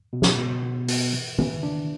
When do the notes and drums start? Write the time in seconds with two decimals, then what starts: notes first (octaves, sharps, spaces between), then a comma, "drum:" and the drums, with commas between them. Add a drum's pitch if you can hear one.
0.13 B2
0.22 drum: snare
0.38 B2
0.63 B3
0.88 B2, drum: open hi-hat
1.13 E3
1.38 E3, drum: tom
1.63 D4